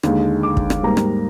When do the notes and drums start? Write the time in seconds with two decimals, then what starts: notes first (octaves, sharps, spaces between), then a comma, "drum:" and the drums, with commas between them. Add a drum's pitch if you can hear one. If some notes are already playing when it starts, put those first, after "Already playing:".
0.03 D#2 D3 G#3, drum: rim click
0.43 D6
0.57 drum: kick
0.70 drum: rim click
0.83 G#2 G3 A#3 A#5
0.97 drum: rim click